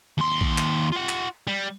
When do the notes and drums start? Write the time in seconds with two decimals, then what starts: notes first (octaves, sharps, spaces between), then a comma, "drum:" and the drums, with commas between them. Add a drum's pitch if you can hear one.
0.18 D#2 C6
0.41 drum: kick
0.58 drum: clap
0.92 F4 F#5
1.09 drum: clap
1.47 G3